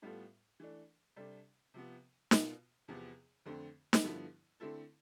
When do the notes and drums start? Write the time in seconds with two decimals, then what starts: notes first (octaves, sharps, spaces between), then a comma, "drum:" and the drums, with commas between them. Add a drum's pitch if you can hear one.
0.02 A2 G3 B3 F4 A4
0.60 E3 A3 D4
1.16 C3 G3 D4 A4
1.74 C3 F3 B3
2.31 B2 B3 F4, drum: snare
2.88 E2 C3 F3 B3
3.46 F2 D3 A3 C4
3.93 drum: snare
4.03 G2 D3 F3 B3 E4
4.60 D3 A3 C4 E4 A4